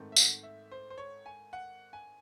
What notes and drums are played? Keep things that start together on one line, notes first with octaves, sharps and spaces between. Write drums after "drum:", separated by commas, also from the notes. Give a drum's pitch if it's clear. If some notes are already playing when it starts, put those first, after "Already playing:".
Already playing: G#2 D#3 A3 C4
E5
F#5, drum: tambourine
E5
C5
C5
C#5
G#5
F#5
G#5